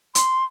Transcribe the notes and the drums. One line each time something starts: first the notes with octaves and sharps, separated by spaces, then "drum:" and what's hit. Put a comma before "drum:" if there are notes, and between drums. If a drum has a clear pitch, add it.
C6, drum: hi-hat